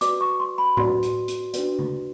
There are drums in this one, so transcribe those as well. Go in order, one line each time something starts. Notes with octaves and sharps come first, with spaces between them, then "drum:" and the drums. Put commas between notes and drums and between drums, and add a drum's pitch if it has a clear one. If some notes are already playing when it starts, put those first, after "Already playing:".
F#4 B4 D5 D6, drum: hi-hat
C#6
C6
B5
F#4 B4 D5 C6, drum: tom A2
drum: hi-hat
drum: hi-hat
D4 F#4 B4 D5, drum: hi-hat
drum: tom C#3